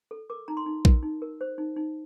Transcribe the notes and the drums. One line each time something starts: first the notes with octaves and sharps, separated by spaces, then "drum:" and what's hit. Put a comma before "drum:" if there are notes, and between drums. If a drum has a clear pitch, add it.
A4
A#4 D6
D#4 A#5
C6
D#4
A#4, drum: kick A#1
D#4
A#4
C5
D#4
D#4